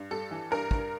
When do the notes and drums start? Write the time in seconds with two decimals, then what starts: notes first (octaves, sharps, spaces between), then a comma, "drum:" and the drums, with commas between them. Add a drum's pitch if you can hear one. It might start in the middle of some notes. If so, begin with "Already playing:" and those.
Already playing: G2
0.11 G3 A4
0.31 E3
0.51 G2 A#4
0.71 G2, drum: kick